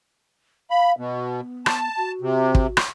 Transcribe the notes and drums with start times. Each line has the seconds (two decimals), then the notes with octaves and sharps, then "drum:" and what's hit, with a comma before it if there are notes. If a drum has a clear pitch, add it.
0.70 F5 B5
0.98 B2 B3
1.66 A5, drum: rim click
1.97 F#4
2.21 C3
2.55 drum: kick
2.77 drum: rim click